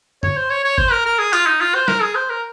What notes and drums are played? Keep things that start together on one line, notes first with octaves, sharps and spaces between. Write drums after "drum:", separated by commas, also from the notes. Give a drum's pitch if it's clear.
C#5, drum: tom F#2
C5
C#5
C#5
C5, drum: kick G1
A#4
A#4
G#4
F4, drum: hi-hat
D#4
F4
C5
A#4, drum: snare
G#4
C5
A#4